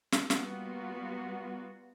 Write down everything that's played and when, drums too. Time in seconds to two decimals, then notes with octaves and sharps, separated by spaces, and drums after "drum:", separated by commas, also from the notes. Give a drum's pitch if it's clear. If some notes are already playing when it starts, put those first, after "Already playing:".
0.12 drum: snare
0.30 G3 A#3 B3 F4 F#4, drum: snare